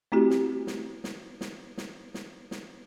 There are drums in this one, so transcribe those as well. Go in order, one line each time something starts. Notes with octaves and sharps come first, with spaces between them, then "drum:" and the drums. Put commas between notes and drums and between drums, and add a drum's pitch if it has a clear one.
A3 C4 E4 F#4 G4
drum: snare
drum: snare
drum: snare
drum: snare
drum: snare
drum: snare
drum: snare